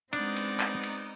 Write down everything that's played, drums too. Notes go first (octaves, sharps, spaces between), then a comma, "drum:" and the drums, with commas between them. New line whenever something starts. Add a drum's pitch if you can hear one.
G#3 B3 C4 D4 D#4 D5, drum: cymbal
drum: cymbal
drum: clap
drum: cymbal